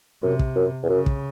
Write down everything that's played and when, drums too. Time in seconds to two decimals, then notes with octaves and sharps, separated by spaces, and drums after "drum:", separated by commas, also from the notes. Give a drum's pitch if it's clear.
0.23 F#2 C3
0.39 drum: kick
0.56 F#2
0.83 E2
0.89 F#2 C#3
1.06 drum: kick